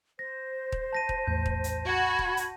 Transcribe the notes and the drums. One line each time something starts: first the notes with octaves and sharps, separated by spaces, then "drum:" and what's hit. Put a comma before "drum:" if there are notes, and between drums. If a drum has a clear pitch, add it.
C5 A#6
drum: kick D#1
A5 A#6 D#7
drum: kick D#1
A#1 E2 A2 G6
drum: kick D#1
drum: hi-hat
F#4 B5 G#6 C#7
drum: kick D#1
drum: hi-hat